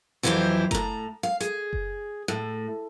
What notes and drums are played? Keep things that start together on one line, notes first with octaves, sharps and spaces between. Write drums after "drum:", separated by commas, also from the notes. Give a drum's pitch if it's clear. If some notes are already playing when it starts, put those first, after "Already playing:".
F2 E3 F#3 E4 G4 C5
A2 A#5, drum: kick F#1
F5
G#4, drum: hi-hat
drum: kick F#1
A2